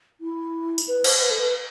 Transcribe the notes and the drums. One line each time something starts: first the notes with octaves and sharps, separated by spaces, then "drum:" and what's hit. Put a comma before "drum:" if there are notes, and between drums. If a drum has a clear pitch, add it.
E4
drum: tambourine
B4
C5, drum: cymbal
B4
A4
B4